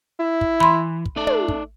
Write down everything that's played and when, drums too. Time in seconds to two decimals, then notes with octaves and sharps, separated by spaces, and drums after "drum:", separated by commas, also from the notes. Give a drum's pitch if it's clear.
0.20 E4
0.41 drum: kick
0.60 E3 B5 C6
1.06 drum: kick
1.16 A3 D#4 D5
1.27 drum: tom
1.48 drum: kick